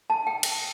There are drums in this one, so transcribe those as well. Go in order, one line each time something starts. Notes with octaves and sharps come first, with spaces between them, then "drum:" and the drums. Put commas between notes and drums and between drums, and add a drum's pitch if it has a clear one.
A5
G5
drum: cymbal